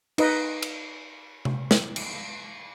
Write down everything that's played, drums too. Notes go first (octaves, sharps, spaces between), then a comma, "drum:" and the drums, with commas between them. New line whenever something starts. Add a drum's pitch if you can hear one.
D#4 B4 D#5, drum: cymbal
drum: cymbal
drum: tom C3
drum: snare
drum: cymbal